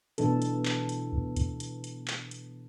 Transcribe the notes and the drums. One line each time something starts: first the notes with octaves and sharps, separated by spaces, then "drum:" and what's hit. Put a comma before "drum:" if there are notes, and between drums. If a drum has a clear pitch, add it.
B2 E3 D4 A4, drum: hi-hat
drum: hi-hat
drum: clap
drum: hi-hat
drum: kick
drum: kick, hi-hat
drum: hi-hat
drum: hi-hat
drum: clap
drum: hi-hat